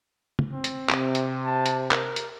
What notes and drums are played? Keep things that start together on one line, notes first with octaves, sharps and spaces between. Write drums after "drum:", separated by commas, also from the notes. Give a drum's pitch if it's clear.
drum: tom
C4
drum: hi-hat
C3, drum: clap
drum: hi-hat
A5
drum: hi-hat
A#4, drum: clap
drum: hi-hat